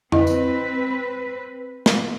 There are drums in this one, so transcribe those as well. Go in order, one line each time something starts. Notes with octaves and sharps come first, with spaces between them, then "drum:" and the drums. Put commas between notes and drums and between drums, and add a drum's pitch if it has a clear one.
C4 E4 B4 D#5, drum: tom F2
drum: tambourine
drum: snare